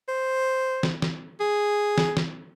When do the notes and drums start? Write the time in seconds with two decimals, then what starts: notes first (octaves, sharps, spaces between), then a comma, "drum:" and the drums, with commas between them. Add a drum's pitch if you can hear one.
0.09 C5
0.83 drum: snare
1.02 drum: snare
1.40 G#4
1.98 drum: snare
2.17 drum: snare